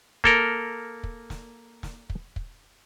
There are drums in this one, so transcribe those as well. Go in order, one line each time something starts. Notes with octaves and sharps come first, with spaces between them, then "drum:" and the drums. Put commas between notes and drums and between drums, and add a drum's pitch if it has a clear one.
A#3 A4 A#4, drum: kick
drum: kick
drum: snare
drum: snare
drum: kick
drum: kick